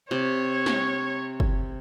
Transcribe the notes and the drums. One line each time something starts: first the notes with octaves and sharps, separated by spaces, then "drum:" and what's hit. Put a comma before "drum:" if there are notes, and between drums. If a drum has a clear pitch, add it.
C3 C#5
drum: snare
drum: kick